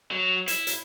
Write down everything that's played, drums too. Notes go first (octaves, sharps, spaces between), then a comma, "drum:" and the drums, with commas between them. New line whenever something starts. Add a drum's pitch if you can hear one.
F#3
E4, drum: hi-hat
drum: hi-hat